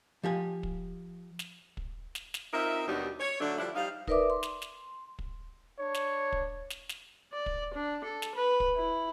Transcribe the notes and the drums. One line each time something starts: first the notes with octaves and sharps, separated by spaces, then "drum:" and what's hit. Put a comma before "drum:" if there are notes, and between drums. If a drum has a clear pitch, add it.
F3 G4 G#5
drum: kick
drum: snare
drum: kick
drum: snare
drum: snare
C4 D#4 F4 A#4 E5
D#2 B2 F#3 G3 D4 D#4
C#5
D3 F#3 A3 D4
F3 G3 D4 E4
G3 D#4 C5 F5
D#4 A#4 B4 D5 E5 D6, drum: kick
C6
drum: snare
drum: snare
drum: kick
D4 C#5
drum: snare
drum: kick
drum: snare
drum: snare
D5
drum: kick
D4
A4
drum: snare
B4
drum: kick
E4